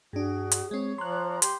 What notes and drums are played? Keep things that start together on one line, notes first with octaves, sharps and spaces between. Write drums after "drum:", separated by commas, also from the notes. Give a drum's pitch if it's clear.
G2 D4 F#4 G#4
drum: hi-hat
G#3 C4 C#5
F3 A#5 C6 F#6
G4 C6, drum: hi-hat